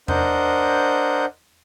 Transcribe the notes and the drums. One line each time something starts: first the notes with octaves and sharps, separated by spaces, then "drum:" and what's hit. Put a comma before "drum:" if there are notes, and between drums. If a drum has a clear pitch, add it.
D4 A#4 C5 D#5 F#5 G6, drum: tom E2